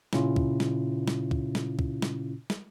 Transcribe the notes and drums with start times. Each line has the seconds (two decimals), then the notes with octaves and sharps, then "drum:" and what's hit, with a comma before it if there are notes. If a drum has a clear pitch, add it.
0.13 A#2 C#3 C#4 E4 F4, drum: snare
0.36 drum: kick C#2
0.60 drum: snare
1.08 drum: snare
1.31 drum: kick C#2
1.55 drum: snare
1.79 drum: kick C#2
2.02 drum: snare
2.50 drum: snare